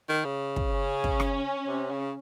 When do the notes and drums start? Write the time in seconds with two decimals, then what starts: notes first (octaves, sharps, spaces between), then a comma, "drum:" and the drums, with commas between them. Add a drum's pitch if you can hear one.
0.09 D#3
0.25 C#3
0.56 drum: kick
0.72 C#4
1.04 drum: kick
1.20 drum: rim click
1.68 C3
1.91 C#3